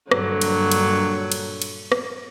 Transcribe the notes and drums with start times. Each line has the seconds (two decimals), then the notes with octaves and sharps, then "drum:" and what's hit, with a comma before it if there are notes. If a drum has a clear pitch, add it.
0.11 G2 A#2 D3 F#3, drum: rim click
0.41 drum: cymbal
0.71 drum: cymbal
1.32 drum: cymbal
1.62 drum: cymbal
1.92 drum: rim click